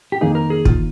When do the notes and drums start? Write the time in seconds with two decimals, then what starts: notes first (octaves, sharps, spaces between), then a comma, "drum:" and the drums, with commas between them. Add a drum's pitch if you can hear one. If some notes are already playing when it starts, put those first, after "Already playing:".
0.12 G4
0.21 F2 D#3 A#3 D#4 G#4
0.35 A#4
0.50 G#4
0.65 F4, drum: kick